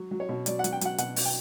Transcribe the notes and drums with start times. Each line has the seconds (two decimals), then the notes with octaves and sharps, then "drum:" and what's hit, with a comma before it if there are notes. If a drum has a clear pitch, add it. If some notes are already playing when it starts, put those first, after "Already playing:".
Already playing: F#3
0.11 F#3
0.20 C#5
0.29 B2
0.46 F#3 D5, drum: hi-hat
0.59 F#5
0.64 F#3, drum: hi-hat
0.72 G5
0.81 F#3 F#5, drum: hi-hat
0.98 B2 F#5, drum: hi-hat
1.16 B2, drum: open hi-hat
1.25 G5